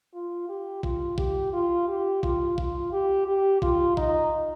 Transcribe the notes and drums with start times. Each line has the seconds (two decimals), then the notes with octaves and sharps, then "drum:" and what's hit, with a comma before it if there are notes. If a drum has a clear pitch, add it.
0.14 F4
0.49 G4
0.83 F4, drum: kick
1.18 G4, drum: kick
1.53 F4
1.88 G4
2.23 F4, drum: kick
2.58 F4, drum: kick
2.92 G4
3.27 G4
3.62 F4, drum: kick
3.97 D#4, drum: kick